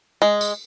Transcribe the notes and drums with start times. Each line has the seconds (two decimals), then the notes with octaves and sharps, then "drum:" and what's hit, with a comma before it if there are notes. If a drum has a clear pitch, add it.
0.22 G#3
0.41 drum: tambourine